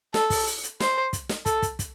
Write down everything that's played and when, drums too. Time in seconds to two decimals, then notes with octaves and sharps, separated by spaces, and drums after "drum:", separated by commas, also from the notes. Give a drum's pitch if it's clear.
0.14 A4, drum: snare
0.30 drum: kick, open hi-hat
0.47 drum: hi-hat
0.63 drum: hi-hat
0.80 C5, drum: snare
1.13 drum: kick, hi-hat
1.29 drum: snare
1.46 A4, drum: kick, hi-hat
1.62 drum: kick, hi-hat
1.79 drum: kick, hi-hat